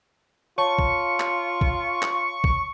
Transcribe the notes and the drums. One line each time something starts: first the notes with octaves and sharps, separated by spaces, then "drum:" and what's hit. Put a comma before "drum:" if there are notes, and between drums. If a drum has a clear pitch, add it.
F4 C#5 A5 C#6
drum: kick
drum: clap
drum: kick
drum: clap
drum: kick